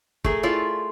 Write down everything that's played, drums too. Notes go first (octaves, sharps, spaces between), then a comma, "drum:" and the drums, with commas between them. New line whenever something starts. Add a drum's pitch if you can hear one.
A3 G#4 A#4, drum: kick
E4 F4 D5 E5